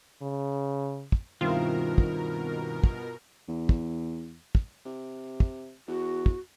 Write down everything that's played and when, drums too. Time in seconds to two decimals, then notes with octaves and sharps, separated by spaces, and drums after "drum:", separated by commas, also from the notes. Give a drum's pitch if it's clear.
0.22 C#3
1.12 drum: kick
1.41 G2 B2 D#3 C4 E4 F4 A#4
1.98 drum: kick
2.84 drum: kick
3.49 E2
3.69 drum: kick
4.55 drum: kick
4.86 C3
5.40 drum: kick
5.88 E2 F#4
6.26 drum: kick